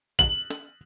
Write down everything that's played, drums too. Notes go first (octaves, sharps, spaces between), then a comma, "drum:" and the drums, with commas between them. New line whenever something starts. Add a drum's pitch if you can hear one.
F#7, drum: kick A1
drum: snare